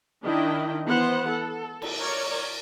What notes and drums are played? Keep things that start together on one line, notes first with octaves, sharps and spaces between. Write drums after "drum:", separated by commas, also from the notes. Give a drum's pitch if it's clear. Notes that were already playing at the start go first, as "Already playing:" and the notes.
D#3 D4 E4 D#5 G5
E3 B3 C5 F#5
A4
drum: cymbal
A#4 C#5 D5